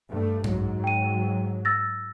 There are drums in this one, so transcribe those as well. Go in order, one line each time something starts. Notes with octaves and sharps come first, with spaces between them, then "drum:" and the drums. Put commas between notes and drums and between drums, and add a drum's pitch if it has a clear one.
G2 A3
G#2 F#3, drum: tom F#2
G5 D#7
E6 A6 A#6